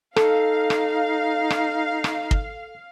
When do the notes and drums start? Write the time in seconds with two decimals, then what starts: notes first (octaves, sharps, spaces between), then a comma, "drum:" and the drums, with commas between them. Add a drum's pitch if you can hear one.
0.16 D#4 A4 F5, drum: rim click
0.70 drum: rim click
1.50 drum: rim click
2.04 drum: rim click
2.31 drum: kick